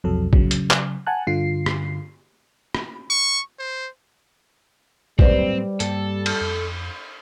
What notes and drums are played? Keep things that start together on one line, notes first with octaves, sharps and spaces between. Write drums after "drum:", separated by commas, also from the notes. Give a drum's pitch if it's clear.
B1 F2 C3 F#3 A4
C#3 F#3, drum: kick
drum: hi-hat
drum: clap
F#5 G#5 A5 F#6
G2 D3 F4 C7
drum: rim click
drum: rim click
C#6
C5
A2 F#3 G3 A#3 C4 B4 C5 D5, drum: kick
G2 A#3 A4, drum: hi-hat
drum: cymbal
F2